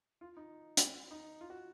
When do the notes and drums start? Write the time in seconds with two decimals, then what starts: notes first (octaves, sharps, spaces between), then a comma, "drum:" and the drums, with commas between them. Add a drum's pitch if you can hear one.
0.21 F4
0.37 D#4
0.77 drum: hi-hat
1.11 D#4
1.41 F4
1.50 F#4